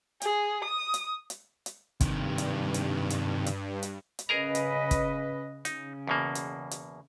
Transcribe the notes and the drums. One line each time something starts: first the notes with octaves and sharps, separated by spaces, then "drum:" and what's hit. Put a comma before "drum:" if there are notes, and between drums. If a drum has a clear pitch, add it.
G#4, drum: hi-hat
D#6
drum: hi-hat
drum: hi-hat
drum: hi-hat
G2 C3 D#3, drum: kick, hi-hat
drum: hi-hat
drum: hi-hat
drum: hi-hat
drum: hi-hat
drum: hi-hat
drum: hi-hat
C#3 G#4 A#4 B4 D#5 A#5
drum: hi-hat
drum: kick, hi-hat
C#3 D#4, drum: hi-hat
E2 B2 A#3
drum: hi-hat
drum: hi-hat